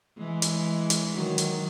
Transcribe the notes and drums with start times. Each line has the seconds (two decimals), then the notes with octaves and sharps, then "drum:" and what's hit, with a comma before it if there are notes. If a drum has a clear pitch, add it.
0.18 E3 G#3
0.42 drum: hi-hat
0.90 drum: hi-hat
1.14 D#3 F#3
1.38 drum: hi-hat